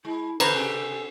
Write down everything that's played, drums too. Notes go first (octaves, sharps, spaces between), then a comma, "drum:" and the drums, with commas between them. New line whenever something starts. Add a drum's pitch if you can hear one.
G#3 E4
D3 E3 C#4 A4 B4 C5 A#5, drum: cymbal
C3 G4 G#4